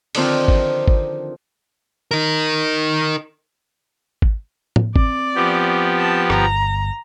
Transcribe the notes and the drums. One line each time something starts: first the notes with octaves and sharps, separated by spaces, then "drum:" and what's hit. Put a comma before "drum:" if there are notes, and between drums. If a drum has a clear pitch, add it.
D3 D#3 F3 C4 F4, drum: cymbal
drum: kick G#1
drum: kick G#1
D#4 A#4
drum: kick G#1
drum: tom A2
C4 D5, drum: kick G#1
F3 B3 G4
A5
G1 A#5, drum: rim click